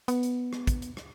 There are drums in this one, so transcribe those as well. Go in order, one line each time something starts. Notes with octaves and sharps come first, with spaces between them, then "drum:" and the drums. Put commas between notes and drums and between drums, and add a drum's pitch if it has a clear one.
B3, drum: hi-hat
drum: hi-hat
drum: rim click
drum: kick, hi-hat
drum: hi-hat
drum: rim click